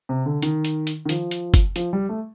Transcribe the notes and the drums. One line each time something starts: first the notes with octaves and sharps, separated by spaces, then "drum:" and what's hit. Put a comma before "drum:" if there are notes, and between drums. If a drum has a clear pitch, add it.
C3
D3
D#3, drum: hi-hat
drum: hi-hat
drum: hi-hat
D#3
F3, drum: hi-hat
drum: hi-hat
drum: kick, hi-hat
F3, drum: hi-hat
G3
A3